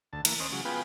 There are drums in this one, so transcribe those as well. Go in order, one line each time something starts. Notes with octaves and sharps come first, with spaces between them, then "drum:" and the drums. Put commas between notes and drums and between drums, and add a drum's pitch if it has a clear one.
D2 A5
E3 A#3, drum: cymbal
C#4 C5 D#5
C#3 F#3 G#3
B3 F4 G#4 B4 G5